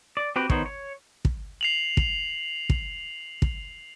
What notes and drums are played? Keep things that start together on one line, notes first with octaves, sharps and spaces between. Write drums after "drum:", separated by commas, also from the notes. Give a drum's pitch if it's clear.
D5
C4 F#4 G4 B4
D#3 B3 D#4 C5 C#5, drum: kick
C#5
drum: kick
C7 F7 F#7
drum: kick
drum: kick
drum: kick